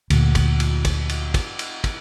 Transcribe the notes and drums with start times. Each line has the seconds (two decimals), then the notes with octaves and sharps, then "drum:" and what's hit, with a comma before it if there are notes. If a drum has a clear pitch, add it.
0.10 D2 A#2, drum: cymbal
0.35 drum: kick, cymbal
0.60 drum: cymbal
0.85 drum: kick, cymbal
1.09 drum: cymbal
1.34 drum: kick, cymbal
1.59 drum: cymbal
1.84 drum: kick, cymbal